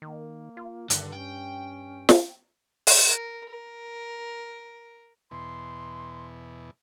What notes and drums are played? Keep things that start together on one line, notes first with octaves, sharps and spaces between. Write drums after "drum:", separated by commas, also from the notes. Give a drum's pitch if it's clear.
D#3 A#3
F4
G2 D3 D#3, drum: hi-hat
C#4 G5
drum: snare
drum: open hi-hat
A#4
A#4
E2 B2 C6